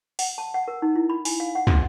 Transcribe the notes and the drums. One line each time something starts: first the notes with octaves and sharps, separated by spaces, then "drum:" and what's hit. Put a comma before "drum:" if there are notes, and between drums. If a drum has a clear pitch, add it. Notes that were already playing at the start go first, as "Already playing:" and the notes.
F#5, drum: open hi-hat
A5
F#5
A#4
D#4
E4
B5
G#5, drum: open hi-hat
F5
F#5
F#4, drum: tom